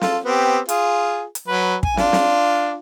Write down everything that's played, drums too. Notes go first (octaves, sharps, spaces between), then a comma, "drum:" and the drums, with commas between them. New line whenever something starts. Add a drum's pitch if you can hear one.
F4 A4, drum: snare
B3 C4 G4
F4 G#4, drum: hi-hat
drum: hi-hat
F#3 B4
G#5, drum: kick
D4 F4, drum: snare
drum: snare